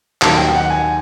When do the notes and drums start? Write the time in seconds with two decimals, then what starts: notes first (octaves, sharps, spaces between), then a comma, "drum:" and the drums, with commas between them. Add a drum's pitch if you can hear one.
0.22 D#2 D#3 F#3 A5, drum: clap
0.38 G5
0.55 F#5
0.70 G#5